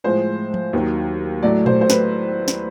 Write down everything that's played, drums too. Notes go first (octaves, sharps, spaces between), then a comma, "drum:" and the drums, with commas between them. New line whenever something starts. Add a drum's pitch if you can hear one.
A2 F3 G#3 C5
drum: tom F3
D#2 D#3 F#3
A2 F#3 A3 D5
C5, drum: tom A#2
C5
B4, drum: snare
drum: snare